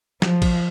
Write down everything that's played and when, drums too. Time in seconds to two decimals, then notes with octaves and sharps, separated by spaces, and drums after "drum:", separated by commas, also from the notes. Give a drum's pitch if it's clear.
0.22 F3, drum: snare
0.42 drum: kick A#1, cymbal